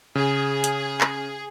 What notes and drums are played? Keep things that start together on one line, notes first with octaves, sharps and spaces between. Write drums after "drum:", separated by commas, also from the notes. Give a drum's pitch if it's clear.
C#3 G#4
drum: hi-hat
drum: clap